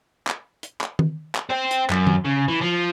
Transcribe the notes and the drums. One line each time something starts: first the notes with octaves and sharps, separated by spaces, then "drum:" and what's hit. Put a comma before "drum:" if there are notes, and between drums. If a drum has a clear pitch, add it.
drum: clap
drum: hi-hat
drum: clap
drum: tom D#3
drum: clap
C5 G5
drum: hi-hat
F#2, drum: clap
drum: tom D#3
C#3
E3
F3